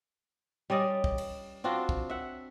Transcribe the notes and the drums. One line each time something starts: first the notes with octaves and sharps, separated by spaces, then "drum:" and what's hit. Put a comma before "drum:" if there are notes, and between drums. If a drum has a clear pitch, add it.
G3 C#4 D5 D#5
drum: kick
drum: cymbal
C4 D4 F4 F#4
drum: kick
E5 F#5